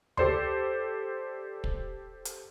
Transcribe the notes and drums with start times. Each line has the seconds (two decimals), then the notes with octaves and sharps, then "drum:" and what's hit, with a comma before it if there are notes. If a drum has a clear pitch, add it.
0.17 G4 A4 C5 D5 C6, drum: tom D2
1.64 drum: kick
2.25 drum: hi-hat